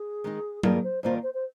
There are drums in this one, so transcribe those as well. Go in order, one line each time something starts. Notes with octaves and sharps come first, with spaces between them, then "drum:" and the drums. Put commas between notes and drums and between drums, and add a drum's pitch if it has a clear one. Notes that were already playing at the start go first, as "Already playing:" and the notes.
Already playing: G#4
D#3 G#3 D#4
G2 D#3 A#3 F4 G#4 A#4, drum: tom F#3
C5
G2 D#3 A#3 F4 A#4 C5
C5
C5